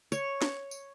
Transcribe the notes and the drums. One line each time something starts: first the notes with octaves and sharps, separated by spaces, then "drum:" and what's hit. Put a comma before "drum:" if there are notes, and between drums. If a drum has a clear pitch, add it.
C#5, drum: tambourine
drum: snare
drum: tambourine